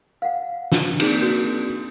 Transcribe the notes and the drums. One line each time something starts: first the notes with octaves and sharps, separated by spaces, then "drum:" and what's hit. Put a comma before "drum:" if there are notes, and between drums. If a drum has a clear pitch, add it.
F5 F#5
drum: snare
A#3 C4 D4 D#4 G#4, drum: cymbal
F#4